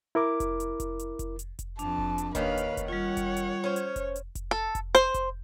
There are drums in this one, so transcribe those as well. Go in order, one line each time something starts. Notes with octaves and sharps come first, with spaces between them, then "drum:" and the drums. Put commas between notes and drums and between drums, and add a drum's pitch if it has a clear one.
E4 A#4 D6
drum: kick F1, hi-hat
drum: hi-hat
drum: kick F1, hi-hat
drum: hi-hat
drum: kick F1, hi-hat
drum: hi-hat
drum: kick F1, hi-hat
F2 D4 A5, drum: hi-hat
drum: kick F1
drum: hi-hat
D#2 D#3 C#4 B4 F5, drum: kick F1, hi-hat
drum: hi-hat
drum: kick F1, hi-hat
G3 F4 C#5 F#5
drum: kick F1, hi-hat
drum: hi-hat
C#4 C5
drum: hi-hat
drum: kick F1, hi-hat
drum: hi-hat
drum: kick F1, hi-hat
A4
drum: kick F1, hi-hat
C5, drum: hi-hat
drum: kick F1, hi-hat